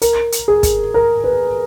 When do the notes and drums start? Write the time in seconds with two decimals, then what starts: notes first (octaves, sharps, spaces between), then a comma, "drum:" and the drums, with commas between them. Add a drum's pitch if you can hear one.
0.02 A#4, drum: hi-hat
0.32 drum: hi-hat
0.48 G#4
0.63 drum: kick, hi-hat
0.94 A#4
1.24 B4